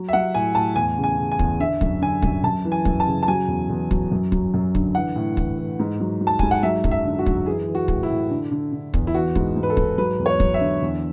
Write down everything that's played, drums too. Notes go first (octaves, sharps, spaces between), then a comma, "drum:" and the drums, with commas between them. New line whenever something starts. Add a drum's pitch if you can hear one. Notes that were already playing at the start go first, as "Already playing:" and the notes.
Already playing: F#3
E5
F#3 F#5
A2 G#5
A2 A5
E2 G#5
C#3
G#5
C#3
G#5
E2, drum: kick
D3 E5
F#2, drum: kick
D3 G#5
F#2, drum: kick
F#2 A5
E3
G#5
F#2, drum: kick
A5
C#3
A5
F#3 G#5
E2
E2
F#3, drum: kick
F#2
F#3, drum: kick
F#2
D3, drum: kick
E3 F#5
A2
E3, drum: kick
E3
G#2
F#3
F#3
A5
G#2 G#5, drum: kick
F#5
F#3 E5
F#2, drum: kick
E5
D3
F#4
F#2, drum: kick
E3 G#4
E3
F#4
A2, drum: kick
E4
A2
D3
D3
D3
E2, drum: kick
E4
E3 F#4
G#2, drum: kick
G#2
B4
A4
G#2, drum: kick
F#3 B4
E2
C#5
F#3, drum: kick
E5
D3
E2